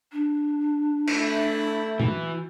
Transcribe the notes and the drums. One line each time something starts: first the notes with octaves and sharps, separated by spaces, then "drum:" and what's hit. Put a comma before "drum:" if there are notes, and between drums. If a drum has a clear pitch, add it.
D4
A3 E4, drum: cymbal
E3 F#4, drum: tom